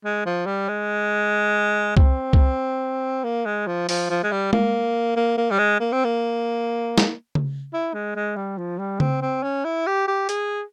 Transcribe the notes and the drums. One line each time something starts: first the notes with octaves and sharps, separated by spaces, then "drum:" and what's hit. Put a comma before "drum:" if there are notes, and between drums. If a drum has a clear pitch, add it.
G#3
F3
G3
G#3
C4, drum: kick C2
drum: kick C2
A#3
G#3
F3
F3, drum: open hi-hat
F3
G#3
G3
A#3, drum: tom G#3
A#3
A#3
G3
G#3
A#3
C4
A#3
drum: snare
drum: tom C#3
E4
G#3
G#3
G3
F3
G3
C4, drum: tom C#3
C4
C#4
E4
G4
G4
G#4, drum: hi-hat